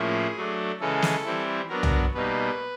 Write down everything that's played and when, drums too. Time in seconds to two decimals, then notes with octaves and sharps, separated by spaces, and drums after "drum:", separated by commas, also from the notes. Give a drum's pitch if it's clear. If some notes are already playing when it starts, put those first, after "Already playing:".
Already playing: A2 F3 A#3 C#4 E4 G#4
0.36 F#3 A3 D4
0.80 C#3 E3 G#3 C#4 A4
1.02 drum: snare
1.25 E3 G3 C4 E4
1.69 F#3 B3 D4 A#4
1.83 drum: tom
2.14 B2 G3 A#3 D#4 B4